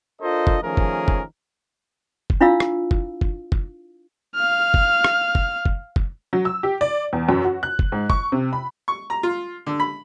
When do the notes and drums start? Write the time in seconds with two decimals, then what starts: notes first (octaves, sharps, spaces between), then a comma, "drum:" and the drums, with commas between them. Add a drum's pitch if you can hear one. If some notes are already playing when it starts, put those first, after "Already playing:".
0.22 D4 F4 A4 A#4 C5 D#5
0.47 drum: kick F#1
0.63 D#3 F3 A3 C#4 G#4 A#4
0.77 drum: kick F#1
1.08 drum: kick F#1
2.30 drum: kick F#1
2.41 D4 E4 F4 D5 F5 E6
2.60 drum: rim click
2.91 drum: kick F#1
3.21 drum: kick F#1
3.52 drum: kick F#1
4.36 F5 F6
4.74 drum: kick F#1
5.04 drum: rim click
5.35 drum: kick F#1
5.65 drum: kick F#1
5.96 drum: kick F#1
6.33 F#3
6.45 E6
6.63 G4
6.81 D5
7.13 E2
7.29 F#2
7.45 F#4
7.63 F#6
7.79 drum: kick F#1
7.92 G#2
8.10 C#6, drum: kick F#1
8.32 C3
8.53 B5
8.88 C#6
9.10 A#5
9.23 F4
9.67 D3
9.80 B5